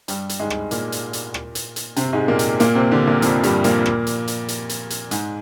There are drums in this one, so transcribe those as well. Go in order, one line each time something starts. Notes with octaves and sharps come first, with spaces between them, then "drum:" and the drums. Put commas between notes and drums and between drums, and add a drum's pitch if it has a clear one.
G2 G3, drum: hi-hat
drum: hi-hat
G#2 G#3
drum: rim click
A#2 A#3, drum: hi-hat
drum: hi-hat
drum: hi-hat
drum: rim click
drum: hi-hat
drum: hi-hat
C3 C4, drum: hi-hat
G#2 G#3
A#2 A#3
drum: hi-hat
A#2 A#3, drum: hi-hat
C3 C4
D3 D4
A#2 A#3
F2 F3, drum: hi-hat
G2 G3, drum: hi-hat
A#2 A#3, drum: hi-hat
drum: rim click
drum: hi-hat
drum: hi-hat
drum: hi-hat
drum: hi-hat
drum: hi-hat
G#2 G#3, drum: hi-hat